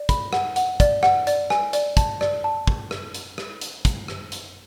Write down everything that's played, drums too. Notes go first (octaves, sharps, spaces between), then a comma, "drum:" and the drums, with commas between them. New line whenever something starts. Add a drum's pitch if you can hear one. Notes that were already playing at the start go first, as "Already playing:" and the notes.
Already playing: D5
B5, drum: kick, hi-hat
F#5, drum: rim click
F#5, drum: hi-hat
D5, drum: kick, hi-hat
F#5, drum: rim click
D5, drum: hi-hat
G#5, drum: rim click
D5, drum: hi-hat
A5, drum: kick, hi-hat
D5, drum: rim click
A5
drum: kick
drum: rim click
drum: hi-hat
drum: rim click
drum: hi-hat
drum: kick, hi-hat
drum: rim click
drum: hi-hat